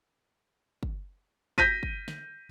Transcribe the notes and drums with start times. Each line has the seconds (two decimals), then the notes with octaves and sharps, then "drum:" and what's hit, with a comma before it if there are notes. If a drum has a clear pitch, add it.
0.83 drum: kick
1.58 G6 A#6 B6 D#7, drum: kick
1.83 drum: kick
2.08 drum: snare